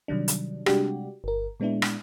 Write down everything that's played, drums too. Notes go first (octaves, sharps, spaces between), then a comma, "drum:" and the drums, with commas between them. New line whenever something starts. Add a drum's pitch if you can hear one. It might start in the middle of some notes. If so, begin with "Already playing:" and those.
C3 D#3 F#3 G3 D4
drum: hi-hat
C3 G3 G#3 D4 F#4 G4, drum: rim click
G1 A#4
A#2 G#3 B3 D4 E4
drum: rim click